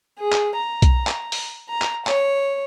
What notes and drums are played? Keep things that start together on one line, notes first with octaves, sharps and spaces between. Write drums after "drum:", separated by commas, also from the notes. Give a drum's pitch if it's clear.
G#4
drum: clap
A#5
drum: kick B1, hi-hat
drum: clap
drum: open hi-hat
A#5
drum: clap
C#5, drum: clap